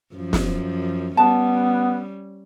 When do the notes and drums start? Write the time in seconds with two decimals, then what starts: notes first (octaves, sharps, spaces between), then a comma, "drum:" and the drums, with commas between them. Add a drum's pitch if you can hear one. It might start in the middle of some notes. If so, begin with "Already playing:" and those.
0.15 F#2 F3
0.33 drum: snare
1.17 G3 B3 C#4 A5